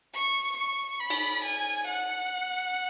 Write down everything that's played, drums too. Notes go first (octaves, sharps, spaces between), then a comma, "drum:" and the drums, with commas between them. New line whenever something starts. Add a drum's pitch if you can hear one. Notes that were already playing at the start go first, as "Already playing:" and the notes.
C#6
C#6
B5
drum: cymbal
G#5
F#5